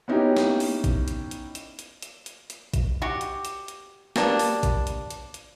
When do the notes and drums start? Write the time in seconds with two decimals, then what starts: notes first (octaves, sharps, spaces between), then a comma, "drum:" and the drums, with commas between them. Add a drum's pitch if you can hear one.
0.08 B3 C#4 D#4 E4 F#4 G4
0.37 drum: snare
0.60 drum: open hi-hat
0.84 drum: kick A1, hi-hat
1.08 drum: hi-hat
1.31 drum: hi-hat
1.55 drum: hi-hat
1.79 drum: hi-hat
2.02 drum: hi-hat
2.26 drum: hi-hat
2.50 drum: hi-hat
2.74 drum: kick A1, hi-hat
3.02 F#4 G4
3.21 drum: hi-hat
3.45 drum: hi-hat
3.68 drum: hi-hat
4.16 G3 A#3 B3 D4, drum: snare
4.39 drum: open hi-hat
4.63 drum: kick A1, hi-hat
4.87 drum: hi-hat
5.10 drum: hi-hat
5.34 drum: hi-hat